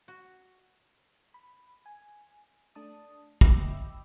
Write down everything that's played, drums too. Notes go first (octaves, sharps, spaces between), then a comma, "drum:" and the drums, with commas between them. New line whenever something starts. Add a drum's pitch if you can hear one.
F#4
B5
G#5
A3 D4 A5 D#6
D#5 E5 G5 B5 D6 E6, drum: kick